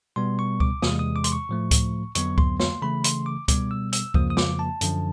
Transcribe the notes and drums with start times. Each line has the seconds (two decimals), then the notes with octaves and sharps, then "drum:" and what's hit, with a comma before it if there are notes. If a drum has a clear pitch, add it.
0.16 B2 G3 B3 C6
0.39 C#6
0.60 D6, drum: kick C#2
0.82 E2 C3 E3 G#3 D#6, drum: snare
0.99 D#6
1.16 D6
1.24 C6, drum: hi-hat
1.32 C#6
1.49 A2 F3 A3
1.71 drum: kick C#2, hi-hat
2.15 F2 D3 F#3 B3 C#6, drum: hi-hat
2.38 C6, drum: kick C#2
2.60 C6, drum: snare
2.82 C#3 E3 A3 B5
3.04 C6, drum: hi-hat
3.26 D6
3.48 B2 G3 B3 D6, drum: kick C#2, hi-hat
3.71 E6
3.93 E6, drum: hi-hat
4.14 F2 C#3 F3 A#3 D#6, drum: kick C#2
4.30 D#6
4.37 D6, drum: snare
4.59 A5
4.81 F#2 D3 F3, drum: hi-hat